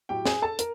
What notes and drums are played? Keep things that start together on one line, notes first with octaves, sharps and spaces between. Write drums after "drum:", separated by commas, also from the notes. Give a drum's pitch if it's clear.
A2 F#3 G4 G5
G#4 G#5, drum: snare
A4 A5
A#4, drum: hi-hat